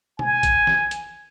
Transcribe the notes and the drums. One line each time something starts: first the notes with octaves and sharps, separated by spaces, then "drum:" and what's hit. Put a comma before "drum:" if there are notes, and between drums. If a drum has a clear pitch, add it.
G#5, drum: tom
drum: kick A1, hi-hat
drum: snare
drum: hi-hat